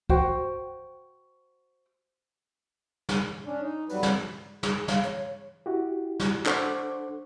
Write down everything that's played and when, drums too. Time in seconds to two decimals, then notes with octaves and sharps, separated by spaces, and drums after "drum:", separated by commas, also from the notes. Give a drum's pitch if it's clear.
0.10 F#4 C5 G5, drum: kick
3.09 drum: snare
3.45 C#4 D4
3.61 D#4
3.89 F2 F#3 G3 B4, drum: open hi-hat
4.03 drum: snare
4.63 G#4, drum: snare
4.88 F5, drum: snare
5.03 C#5, drum: hi-hat
5.66 E4 F#4 G4
6.20 drum: snare
6.46 D4 A4 C5 F#5 C#6 D6, drum: clap